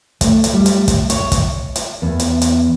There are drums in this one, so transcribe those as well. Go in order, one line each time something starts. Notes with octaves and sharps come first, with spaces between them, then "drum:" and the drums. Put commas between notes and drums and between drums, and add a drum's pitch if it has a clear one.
A3, drum: kick, hi-hat
drum: hi-hat
G3
drum: hi-hat
drum: kick, hi-hat
C#5, drum: hi-hat
drum: kick, hi-hat
drum: hi-hat
E2
drum: hi-hat
drum: hi-hat